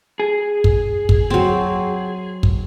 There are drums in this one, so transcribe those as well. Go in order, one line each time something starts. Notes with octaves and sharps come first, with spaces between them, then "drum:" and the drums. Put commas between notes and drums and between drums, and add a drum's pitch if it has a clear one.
G#4
drum: kick
drum: kick
F#3 C4
drum: kick